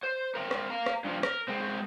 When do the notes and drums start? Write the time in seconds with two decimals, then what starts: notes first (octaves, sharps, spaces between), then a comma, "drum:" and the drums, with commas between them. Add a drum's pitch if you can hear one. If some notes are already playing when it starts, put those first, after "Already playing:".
0.04 C5
0.35 C4 A#4
0.51 drum: rim click
0.70 F5 A#5
0.86 drum: rim click
1.04 G2 F3
1.23 A#4, drum: rim click
1.48 G#3 C4